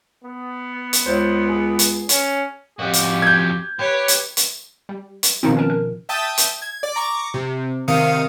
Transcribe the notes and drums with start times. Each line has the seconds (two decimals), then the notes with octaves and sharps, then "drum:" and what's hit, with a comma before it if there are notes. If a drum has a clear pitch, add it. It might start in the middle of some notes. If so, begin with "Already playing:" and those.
0.24 B3
0.93 drum: hi-hat
1.06 C#2 C5 C#5
1.49 G#4
1.79 drum: hi-hat
2.09 C#4, drum: hi-hat
2.79 F2 F#4 G4
2.93 drum: hi-hat
3.22 G6 G#6
3.79 G4 B4 C#5
4.08 drum: hi-hat
4.37 drum: hi-hat
4.89 G3
5.23 drum: hi-hat
5.43 B2 D#3 F3 C4 D#4
5.57 C#4 A#4 A5
5.70 A#4
6.09 E5 G5 A5 D#6
6.38 drum: hi-hat
6.62 G#6
6.83 D5
6.96 A#5 C#6 D6
7.34 C3
7.88 C3 D#3 F5 D#6 C#7